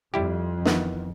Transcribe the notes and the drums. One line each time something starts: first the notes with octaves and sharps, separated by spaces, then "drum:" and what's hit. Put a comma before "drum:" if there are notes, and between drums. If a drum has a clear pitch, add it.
F2 G3 E4 G4
D#3 E3 B3, drum: snare